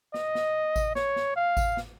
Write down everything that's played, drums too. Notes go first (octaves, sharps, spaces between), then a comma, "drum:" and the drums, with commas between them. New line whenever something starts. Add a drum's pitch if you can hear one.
D#5, drum: snare
drum: snare
drum: kick G#1, tambourine
C#5, drum: snare
drum: snare
F5
drum: kick G#1, tambourine
drum: snare